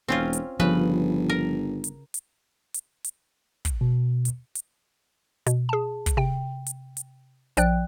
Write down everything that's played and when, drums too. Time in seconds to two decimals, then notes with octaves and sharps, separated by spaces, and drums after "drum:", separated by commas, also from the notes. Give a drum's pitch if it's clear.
0.08 E1 C4 C#4 F4
0.33 drum: hi-hat
0.60 G1 C#3 F3 B4
1.29 A#4
1.84 drum: hi-hat
2.14 drum: hi-hat
2.74 drum: hi-hat
3.04 drum: hi-hat
3.65 drum: kick, hi-hat
3.81 B2
4.25 drum: hi-hat
4.55 drum: hi-hat
5.46 B2, drum: hi-hat
5.69 G#4 A5
6.06 drum: kick, hi-hat
6.17 C3 G5
6.66 drum: hi-hat
6.97 drum: hi-hat
7.57 A#1 F3 D5 G5 F#6, drum: hi-hat